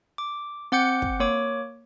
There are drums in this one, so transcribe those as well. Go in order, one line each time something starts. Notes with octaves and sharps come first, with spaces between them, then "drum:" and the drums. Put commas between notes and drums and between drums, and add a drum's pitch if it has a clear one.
D6
C4 F#5 D6 G6 C#7
drum: kick
A#3 C#5 D6